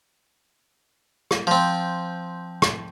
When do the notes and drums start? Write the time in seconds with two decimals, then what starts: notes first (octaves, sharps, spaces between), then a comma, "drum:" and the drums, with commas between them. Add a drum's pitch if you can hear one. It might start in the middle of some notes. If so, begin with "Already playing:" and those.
1.31 drum: rim click
1.47 F3 C4
2.62 drum: rim click